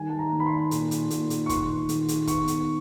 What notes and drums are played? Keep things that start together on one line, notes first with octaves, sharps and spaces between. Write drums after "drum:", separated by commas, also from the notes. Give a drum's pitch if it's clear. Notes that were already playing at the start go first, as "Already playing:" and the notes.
Already playing: D#3 G3 G#5
A5
A#5
D#3
B5
C6
A#2, drum: hi-hat
drum: hi-hat
A#2, drum: hi-hat
drum: hi-hat
C#6
D#3 C6, drum: kick, hi-hat
D#3, drum: hi-hat
drum: hi-hat
B3 C#6, drum: kick, hi-hat
drum: hi-hat